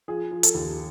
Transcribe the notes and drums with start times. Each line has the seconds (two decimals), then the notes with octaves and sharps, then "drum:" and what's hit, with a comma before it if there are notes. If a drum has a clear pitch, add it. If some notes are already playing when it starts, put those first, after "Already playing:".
0.08 F3 G#4
0.31 F3
0.43 A4, drum: hi-hat
0.55 D#2